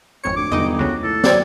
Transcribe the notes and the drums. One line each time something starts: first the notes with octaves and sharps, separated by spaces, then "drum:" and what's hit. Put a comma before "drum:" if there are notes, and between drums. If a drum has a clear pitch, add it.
G#1 F2 C#5 C#7
D2 D6
G1 D#4 D#5, drum: tom E2
C#2 C#3 F#4
A2 A4
F#3 D5 G#6, drum: snare